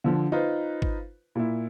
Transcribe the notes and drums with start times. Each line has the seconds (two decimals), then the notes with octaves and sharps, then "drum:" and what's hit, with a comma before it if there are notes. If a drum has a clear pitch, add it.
0.04 D3 F3
0.32 D#4 F4 B4 C5
0.82 drum: kick
1.35 A#2 E4